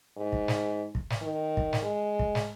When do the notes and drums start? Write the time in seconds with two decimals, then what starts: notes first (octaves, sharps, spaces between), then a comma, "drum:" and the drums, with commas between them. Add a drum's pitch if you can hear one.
0.17 G#2
0.32 drum: kick
0.48 drum: snare
0.95 drum: kick
1.10 drum: snare
1.21 D#3
1.57 drum: kick
1.73 drum: snare
1.82 G#3
2.19 drum: kick
2.35 drum: snare